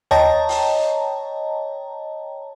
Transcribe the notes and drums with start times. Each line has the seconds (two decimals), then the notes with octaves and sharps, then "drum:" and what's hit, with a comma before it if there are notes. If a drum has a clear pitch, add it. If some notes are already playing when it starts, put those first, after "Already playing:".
0.11 C#5 D#5 G5 A5 A#5, drum: tom D#2
0.49 drum: open hi-hat